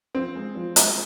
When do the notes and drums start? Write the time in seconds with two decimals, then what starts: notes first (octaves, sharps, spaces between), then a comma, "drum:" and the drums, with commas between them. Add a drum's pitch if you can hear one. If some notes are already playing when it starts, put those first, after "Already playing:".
0.15 F3 C4
0.35 G#3
0.55 F3
0.76 G#3, drum: hi-hat